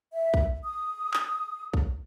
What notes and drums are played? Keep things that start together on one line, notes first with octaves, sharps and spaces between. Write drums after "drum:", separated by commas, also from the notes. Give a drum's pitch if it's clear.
E5
drum: kick B1
D#6
drum: clap
drum: kick B1